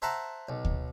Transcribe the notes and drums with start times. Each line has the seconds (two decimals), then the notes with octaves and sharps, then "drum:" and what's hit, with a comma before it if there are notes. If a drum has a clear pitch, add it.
0.02 C5 E5 F#5 A5 A#5
0.49 B1
0.65 drum: kick D2